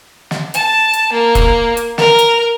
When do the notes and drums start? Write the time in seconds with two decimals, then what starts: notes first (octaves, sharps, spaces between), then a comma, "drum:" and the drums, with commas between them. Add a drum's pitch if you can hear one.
0.31 drum: snare
0.54 A5, drum: hi-hat
0.93 drum: hi-hat
1.13 A#3
1.35 drum: kick E1, hi-hat
1.77 drum: hi-hat
1.98 A#4, drum: snare
2.19 drum: hi-hat